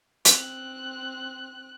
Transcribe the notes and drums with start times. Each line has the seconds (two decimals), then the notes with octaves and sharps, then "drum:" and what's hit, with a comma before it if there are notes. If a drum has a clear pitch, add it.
0.25 C4 F#6, drum: hi-hat